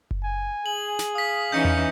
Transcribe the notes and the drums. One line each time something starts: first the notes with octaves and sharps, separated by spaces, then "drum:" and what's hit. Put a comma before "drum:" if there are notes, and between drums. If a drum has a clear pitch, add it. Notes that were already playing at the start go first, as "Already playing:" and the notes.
drum: kick F#1
G#5
G#4 F#7
drum: snare
F5 D#6 B6
E3 C#4 D#4 G6 A#6 C#7
drum: tom E2